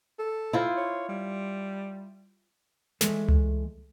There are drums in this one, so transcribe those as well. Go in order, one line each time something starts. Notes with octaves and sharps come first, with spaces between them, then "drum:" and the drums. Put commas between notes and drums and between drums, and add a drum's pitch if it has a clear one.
A4
E4 F4 C5
C#5
G3
E3 G#3 A3, drum: snare
drum: tom C#2